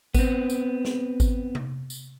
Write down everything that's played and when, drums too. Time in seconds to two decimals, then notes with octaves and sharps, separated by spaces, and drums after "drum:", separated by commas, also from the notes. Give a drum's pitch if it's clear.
0.14 B3 C4, drum: kick G#1, tambourine
0.50 drum: tambourine
0.85 drum: snare
1.20 drum: kick G#1, tambourine
1.55 drum: tom C3
1.90 drum: tambourine